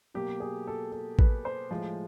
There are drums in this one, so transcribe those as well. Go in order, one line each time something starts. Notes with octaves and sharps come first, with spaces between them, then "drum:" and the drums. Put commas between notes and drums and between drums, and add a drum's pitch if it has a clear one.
B2 F#3 A#3 G4
G#4
A4
A4
B4, drum: kick A1
C5
A2 F3 G#3